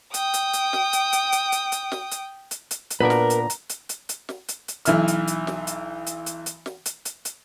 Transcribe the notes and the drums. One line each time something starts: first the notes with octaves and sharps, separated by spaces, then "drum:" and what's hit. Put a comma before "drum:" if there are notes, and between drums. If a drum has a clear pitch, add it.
G5 D#6, drum: hi-hat
drum: hi-hat
drum: hi-hat
drum: snare
drum: hi-hat
drum: hi-hat
drum: hi-hat
drum: hi-hat
drum: hi-hat
drum: snare
drum: hi-hat
drum: hi-hat
drum: hi-hat
drum: hi-hat
A#2 B3 D4 A#4 B4 A#5
drum: snare
drum: hi-hat
drum: hi-hat
drum: hi-hat
drum: hi-hat
drum: hi-hat
drum: snare
drum: hi-hat
drum: hi-hat
B1 E3 E5 F6, drum: hi-hat
drum: hi-hat
drum: hi-hat
drum: snare
drum: hi-hat
drum: hi-hat
drum: hi-hat
drum: hi-hat
drum: snare
drum: hi-hat
drum: hi-hat
drum: hi-hat